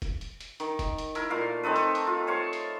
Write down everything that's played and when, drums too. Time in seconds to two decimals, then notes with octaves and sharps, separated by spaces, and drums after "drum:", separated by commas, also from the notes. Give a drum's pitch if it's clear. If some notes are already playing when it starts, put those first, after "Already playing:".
0.02 drum: kick E1, hi-hat
0.21 drum: hi-hat
0.41 drum: hi-hat
0.60 D#3, drum: hi-hat
0.79 drum: kick E1, hi-hat
0.98 drum: hi-hat
1.15 E4 A#4, drum: hi-hat
1.30 A#2 A3 F5
1.63 C4 D#4 A4 B4
1.76 drum: hi-hat
1.95 drum: hi-hat
2.07 F4
2.27 C5 C#5 F5 C#6
2.53 drum: hi-hat